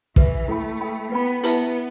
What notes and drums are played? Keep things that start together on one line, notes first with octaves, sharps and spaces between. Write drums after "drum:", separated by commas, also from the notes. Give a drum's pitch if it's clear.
E3 G4 B4 E5, drum: kick
A3 E4 A4 G5 B5
A4 G5 B5
B3 B4 G5 B5
B3 E4 G4 B4 E5 A5, drum: hi-hat